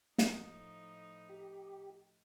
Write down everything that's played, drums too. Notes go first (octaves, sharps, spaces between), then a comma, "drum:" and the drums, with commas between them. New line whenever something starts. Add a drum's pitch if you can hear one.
A2 F3 D#4, drum: snare
G4